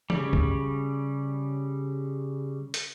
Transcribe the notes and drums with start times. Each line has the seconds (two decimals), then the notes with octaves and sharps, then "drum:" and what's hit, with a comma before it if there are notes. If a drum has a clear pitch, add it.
0.10 C#3 G3, drum: tom E3
0.33 drum: kick
2.74 drum: hi-hat